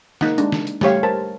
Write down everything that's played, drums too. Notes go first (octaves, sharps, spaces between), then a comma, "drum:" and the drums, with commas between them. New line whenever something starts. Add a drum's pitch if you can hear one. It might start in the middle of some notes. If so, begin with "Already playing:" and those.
A#3 D#4 F#5, drum: snare
G#3 D4, drum: hi-hat
drum: snare
drum: hi-hat
G3 A3 G4 C#5 F5, drum: snare
A#4 C5 A5